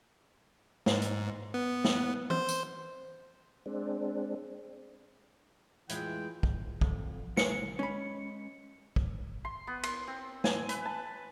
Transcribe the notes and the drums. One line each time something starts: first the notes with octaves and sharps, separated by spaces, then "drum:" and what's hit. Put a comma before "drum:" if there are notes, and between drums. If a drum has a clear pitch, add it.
G#2, drum: snare
drum: hi-hat
B3
drum: snare
C5, drum: tom E3
drum: tambourine
G#3 C4 D4
F2 E3 G#3 E4 F4 G5 G#6, drum: hi-hat
drum: kick
F2 D3, drum: kick
B1 G#3 A#4 C#7, drum: snare
G#3 C#4 B5
drum: kick
C6
B3
C6, drum: cymbal
C4
G#5, drum: snare
B4, drum: hi-hat
A5